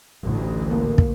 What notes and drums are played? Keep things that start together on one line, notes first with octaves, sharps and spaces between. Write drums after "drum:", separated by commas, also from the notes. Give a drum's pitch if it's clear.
A1 D2
A#3
drum: kick